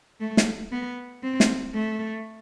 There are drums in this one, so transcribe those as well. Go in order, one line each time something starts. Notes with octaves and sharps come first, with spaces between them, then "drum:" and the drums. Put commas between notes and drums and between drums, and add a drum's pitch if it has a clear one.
A3
drum: snare
B3
C4
drum: snare
A3